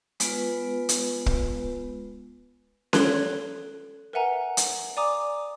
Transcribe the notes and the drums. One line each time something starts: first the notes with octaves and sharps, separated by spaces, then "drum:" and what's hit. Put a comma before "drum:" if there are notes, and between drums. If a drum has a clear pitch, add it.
G#3 B3 F4 B4, drum: hi-hat
drum: hi-hat
drum: kick
A4 F#6 G#6 D7 F#7 G7, drum: snare C#4
A#4 B4 E5 F#5 G#5 A#5
drum: hi-hat
D5 G#5 A#5 D6 D#6